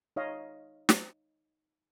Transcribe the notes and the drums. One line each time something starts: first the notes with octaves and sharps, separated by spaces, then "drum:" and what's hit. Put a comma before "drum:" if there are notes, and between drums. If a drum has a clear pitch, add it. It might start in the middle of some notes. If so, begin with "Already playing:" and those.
D#4 C#5 D#5 F5
drum: snare